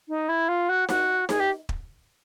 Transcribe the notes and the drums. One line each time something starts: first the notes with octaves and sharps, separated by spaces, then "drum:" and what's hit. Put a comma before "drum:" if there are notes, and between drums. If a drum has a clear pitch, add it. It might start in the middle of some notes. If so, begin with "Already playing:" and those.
D#4
E4
F4
F#4
F#4, drum: snare D#4
G#4, drum: snare D#4
G4
drum: kick